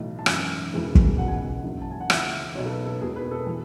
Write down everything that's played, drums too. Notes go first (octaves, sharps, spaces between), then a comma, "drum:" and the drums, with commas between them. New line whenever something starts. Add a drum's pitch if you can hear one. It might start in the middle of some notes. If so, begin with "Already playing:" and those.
Already playing: B1 A2 E3
A5
G#1 F#2 E3 G#5, drum: rim click
E1 E2 C#3 E3
drum: kick
C#2 B2 F#5
G#5
F#5
F#1 F#2 E3
A5
G#5
F#5
C#2 C#3 E3 E5, drum: rim click
B1 B2 C#5
A4
B4
A4
E1 E2 B2 G#4
B4
A4
E3